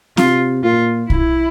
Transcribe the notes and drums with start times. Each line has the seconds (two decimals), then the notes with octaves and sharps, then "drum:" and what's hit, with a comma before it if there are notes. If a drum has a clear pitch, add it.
0.17 C3 F4, drum: snare
0.64 A#2 F4
1.10 E4, drum: kick